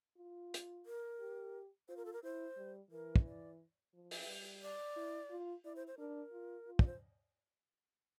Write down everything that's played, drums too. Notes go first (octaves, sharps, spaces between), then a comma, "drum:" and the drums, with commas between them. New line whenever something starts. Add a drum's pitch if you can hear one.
F4
drum: hi-hat
A#4
G4
F4 C5
A#4
A4
A#4
E4 C5
G3
E3 A#4
drum: kick
D5
F3
drum: open hi-hat
G3
D5
E4
F4
E4 D5
C5
C5
D4 A#4
F4
F4
D5, drum: kick
C5